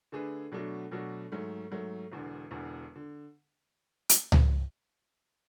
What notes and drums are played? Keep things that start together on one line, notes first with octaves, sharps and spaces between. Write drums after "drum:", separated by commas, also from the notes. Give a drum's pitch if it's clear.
D3 A3 D4 G#4 B4
B2 F#3 A3 D4 F#4
B2 F#3 A3 D4 F#4
G#2 F#3 A3
G#2 F#3 A3
E1 E2 D3
E1 E2 D3
D3
drum: hi-hat
drum: tom C#2